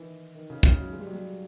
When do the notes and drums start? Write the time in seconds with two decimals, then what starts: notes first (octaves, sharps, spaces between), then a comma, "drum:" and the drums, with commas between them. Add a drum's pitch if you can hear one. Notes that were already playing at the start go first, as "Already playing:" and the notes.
Already playing: D#3 E3
0.35 D#3
0.50 C#3
0.63 C#3, drum: kick
0.78 F#3
0.92 G#3
1.00 G3
1.07 F#3
1.14 G3